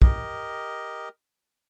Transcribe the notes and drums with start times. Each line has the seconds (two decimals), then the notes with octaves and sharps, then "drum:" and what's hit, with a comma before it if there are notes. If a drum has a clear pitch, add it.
0.02 G4 A#4 D#5, drum: kick